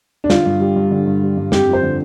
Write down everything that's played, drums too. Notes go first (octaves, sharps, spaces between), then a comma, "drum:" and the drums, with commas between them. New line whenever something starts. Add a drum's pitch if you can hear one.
D4
D3 F4, drum: snare
G2
G3
G2
D3
G2
G3
G2
F2 G4, drum: snare
F3
C5
D3